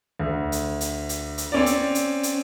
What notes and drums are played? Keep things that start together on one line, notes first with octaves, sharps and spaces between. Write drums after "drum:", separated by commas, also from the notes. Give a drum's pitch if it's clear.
D2
drum: hi-hat
drum: hi-hat
drum: hi-hat
drum: hi-hat
C4 C#4 D5
drum: hi-hat
drum: hi-hat
drum: hi-hat